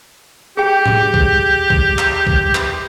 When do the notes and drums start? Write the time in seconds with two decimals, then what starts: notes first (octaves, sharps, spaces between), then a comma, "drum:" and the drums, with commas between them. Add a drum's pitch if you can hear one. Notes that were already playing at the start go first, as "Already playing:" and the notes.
0.57 G4 G#4 G5
0.86 drum: tom A2
1.14 drum: kick
1.70 drum: kick
1.98 drum: clap
2.27 drum: kick
2.55 drum: clap